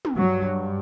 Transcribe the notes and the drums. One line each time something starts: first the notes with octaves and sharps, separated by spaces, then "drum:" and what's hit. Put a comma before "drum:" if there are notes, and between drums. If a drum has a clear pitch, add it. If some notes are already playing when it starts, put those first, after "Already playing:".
drum: tom
G2 F#3